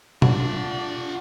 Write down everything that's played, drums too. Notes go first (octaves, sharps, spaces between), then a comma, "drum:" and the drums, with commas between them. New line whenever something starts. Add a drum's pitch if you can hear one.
D4 F4 F#5, drum: tom